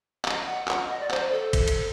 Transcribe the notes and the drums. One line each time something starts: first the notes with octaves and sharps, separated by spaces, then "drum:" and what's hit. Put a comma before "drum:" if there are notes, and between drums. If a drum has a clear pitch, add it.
D#5, drum: clap
F#5
F#5, drum: clap
D#5
D5
C5, drum: clap
A4
drum: kick, cymbal
drum: cymbal